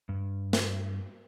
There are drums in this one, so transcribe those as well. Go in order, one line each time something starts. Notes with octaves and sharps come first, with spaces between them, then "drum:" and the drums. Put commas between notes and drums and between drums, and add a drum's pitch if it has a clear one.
G2
drum: snare